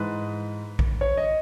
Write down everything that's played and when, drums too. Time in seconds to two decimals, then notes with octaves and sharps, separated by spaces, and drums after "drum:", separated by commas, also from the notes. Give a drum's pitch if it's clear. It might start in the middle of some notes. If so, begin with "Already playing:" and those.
Already playing: G#2 E3 G#3 B4
0.79 drum: kick A#1
1.01 C#5
1.17 D#5